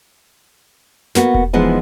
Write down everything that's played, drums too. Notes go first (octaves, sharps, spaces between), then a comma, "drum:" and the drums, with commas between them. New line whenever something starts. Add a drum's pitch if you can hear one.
A#3 B3 F#4, drum: snare
drum: kick E1
E3 F3 G#3 B3 D#4